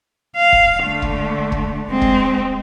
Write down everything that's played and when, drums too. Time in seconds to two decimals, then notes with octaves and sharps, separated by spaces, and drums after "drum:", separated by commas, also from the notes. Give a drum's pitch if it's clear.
0.36 F5
0.52 drum: kick
0.83 D3 A3
1.02 drum: kick
1.52 drum: kick
1.89 G#3 C4
2.02 drum: kick